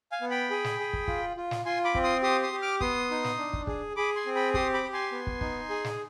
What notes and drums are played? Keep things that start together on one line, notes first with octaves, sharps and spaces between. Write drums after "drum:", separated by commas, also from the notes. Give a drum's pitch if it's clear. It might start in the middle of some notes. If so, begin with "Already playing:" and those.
F5 G#5
B3
G5 B5
G#4
drum: snare
G#4
drum: kick
F4, drum: kick
F4
drum: snare
F4 G#5 C6
B5 D6
C4, drum: kick
C6 D#6
G4 C6 D#6
C6 D#6
G4
D6 F6
B3 C6 D#6, drum: kick
D#4
drum: snare
D4
drum: kick
G#4, drum: kick
G#4 B5 D6
G#5 C6
C4
G5 B5
G4 C6 D#6, drum: kick
B5 D6
G4
G#5 C6
B3
drum: kick
D#4, drum: kick
G#4
drum: snare